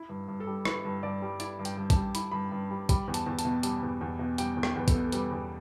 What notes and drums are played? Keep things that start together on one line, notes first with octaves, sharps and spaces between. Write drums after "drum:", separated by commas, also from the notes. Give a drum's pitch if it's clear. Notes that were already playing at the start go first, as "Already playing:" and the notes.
Already playing: E4
G2
G2
A4
G3
E4 B4, drum: rim click
G2
G2 D5
G3
E4 D5, drum: hi-hat
G2
G5, drum: hi-hat
G2
A5, drum: kick A#1, hi-hat
G3
E4 B5, drum: hi-hat
G2 B5
G2
G3
G3 B5, drum: kick A#1, hi-hat
E2
A5, drum: hi-hat
E2
A5, drum: hi-hat
B2
G3 A5, drum: hi-hat
E2
E2
B2
G3 G5, drum: hi-hat
E2
G5, drum: rim click
E2 B4
A4, drum: kick A#1, hi-hat
B2
A4
G3 B4, drum: hi-hat
E2